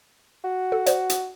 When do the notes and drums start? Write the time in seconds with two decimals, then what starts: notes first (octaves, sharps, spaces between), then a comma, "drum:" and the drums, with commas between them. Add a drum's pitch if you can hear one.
0.44 F#4
0.72 A4
0.86 C5 D5, drum: hi-hat
1.10 drum: hi-hat